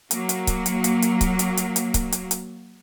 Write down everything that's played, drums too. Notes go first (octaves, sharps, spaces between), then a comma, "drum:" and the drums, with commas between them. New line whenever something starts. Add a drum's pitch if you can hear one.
F#3 A#3, drum: hi-hat
drum: hi-hat
drum: kick C#1, hi-hat
drum: hi-hat
drum: hi-hat
drum: hi-hat
drum: kick C#1, hi-hat
drum: hi-hat
drum: hi-hat
drum: hi-hat
drum: kick C#1, hi-hat
drum: hi-hat
drum: hi-hat